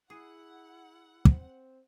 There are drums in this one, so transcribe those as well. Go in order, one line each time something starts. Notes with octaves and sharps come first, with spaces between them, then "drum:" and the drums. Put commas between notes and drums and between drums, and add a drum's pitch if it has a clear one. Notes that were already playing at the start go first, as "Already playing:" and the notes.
E4 G#4 F#5
C4, drum: kick